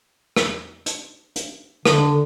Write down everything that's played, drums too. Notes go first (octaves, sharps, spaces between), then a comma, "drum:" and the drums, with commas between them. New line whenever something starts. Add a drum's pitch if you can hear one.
drum: rim click
drum: hi-hat
drum: hi-hat
D3, drum: rim click